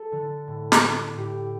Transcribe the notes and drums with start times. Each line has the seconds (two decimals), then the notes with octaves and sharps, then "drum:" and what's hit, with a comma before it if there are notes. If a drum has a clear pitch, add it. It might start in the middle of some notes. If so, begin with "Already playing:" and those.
Already playing: A4
0.12 D3
0.47 A2
0.72 drum: snare
0.82 D4
1.17 A2 G4